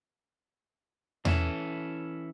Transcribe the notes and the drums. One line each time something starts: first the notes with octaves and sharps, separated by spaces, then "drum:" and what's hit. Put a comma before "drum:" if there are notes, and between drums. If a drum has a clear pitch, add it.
E3 C#4 E4 A4, drum: tom E2